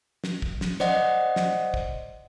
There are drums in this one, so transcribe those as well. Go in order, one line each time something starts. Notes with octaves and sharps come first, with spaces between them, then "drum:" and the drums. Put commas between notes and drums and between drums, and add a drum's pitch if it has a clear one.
drum: snare
drum: kick
drum: snare
C5 D5 D#5 F#5, drum: snare
drum: snare
drum: kick